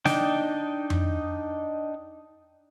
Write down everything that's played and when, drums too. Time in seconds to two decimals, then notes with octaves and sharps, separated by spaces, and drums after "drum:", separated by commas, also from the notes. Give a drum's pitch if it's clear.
0.05 D4 D#4 G5, drum: snare
0.90 drum: tom F2